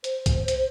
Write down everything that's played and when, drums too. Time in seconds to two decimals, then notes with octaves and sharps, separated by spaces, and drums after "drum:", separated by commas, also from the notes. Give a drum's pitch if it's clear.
0.04 C5, drum: hi-hat
0.26 drum: kick B1, hi-hat
0.48 drum: hi-hat